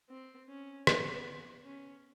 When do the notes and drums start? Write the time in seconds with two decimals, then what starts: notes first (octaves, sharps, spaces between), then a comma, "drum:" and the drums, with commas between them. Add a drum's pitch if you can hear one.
0.10 C4
0.48 C#4
0.87 B3, drum: rim click
1.64 C#4